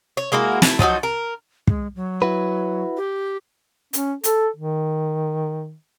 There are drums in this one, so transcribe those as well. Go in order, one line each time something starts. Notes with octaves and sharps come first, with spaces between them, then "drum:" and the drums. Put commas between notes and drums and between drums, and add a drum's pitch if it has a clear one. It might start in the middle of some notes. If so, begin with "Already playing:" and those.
C#5
G#3 A#3 E4 F#4
A3 E4, drum: snare
F3 F#3 D#4 F#4, drum: kick
A#4
G#3, drum: kick
F#3
E4 F#4 B4
G4
C#4, drum: hi-hat
A4, drum: hi-hat
D#3